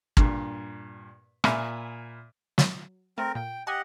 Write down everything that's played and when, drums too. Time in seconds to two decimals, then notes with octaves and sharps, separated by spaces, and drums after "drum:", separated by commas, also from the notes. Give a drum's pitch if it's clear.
0.17 G2 A#2, drum: kick
1.44 A#2 E5 G#5 B5 F6, drum: rim click
2.58 F#3, drum: snare
3.18 A3 C4 A#4
3.35 A#2 G5
3.67 G4 D#5 F#5 G#5